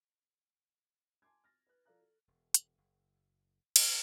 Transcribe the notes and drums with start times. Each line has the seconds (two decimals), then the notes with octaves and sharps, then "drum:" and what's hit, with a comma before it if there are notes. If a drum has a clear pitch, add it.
1.22 G#5 A5 C6 D6 G#6
1.44 F6 A6 A#6
1.67 B4 F#6
1.85 F3 A4 D5 F5 A#5 F#6
2.01 A4
2.28 E1
2.54 drum: hi-hat
2.78 F#1
3.76 G#2, drum: cymbal